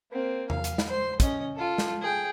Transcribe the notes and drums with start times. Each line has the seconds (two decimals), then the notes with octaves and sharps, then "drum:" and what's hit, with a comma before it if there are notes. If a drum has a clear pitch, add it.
0.12 A#3 C4
0.50 F5, drum: tom E2
0.64 drum: hi-hat
0.78 drum: snare
0.88 C5 C6
1.20 C#4 D#5, drum: kick, hi-hat
1.55 F4 A4
1.78 drum: snare
2.01 G#4 G5